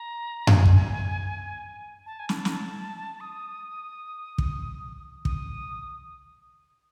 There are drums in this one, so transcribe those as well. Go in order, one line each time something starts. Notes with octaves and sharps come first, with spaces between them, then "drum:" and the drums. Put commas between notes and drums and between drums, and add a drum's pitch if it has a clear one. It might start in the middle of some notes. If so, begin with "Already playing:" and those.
Already playing: A#5
G#5, drum: tom F#2
drum: kick
A5
G#5
A5, drum: snare
A#5, drum: snare
A5
D#6
drum: kick
D#6, drum: kick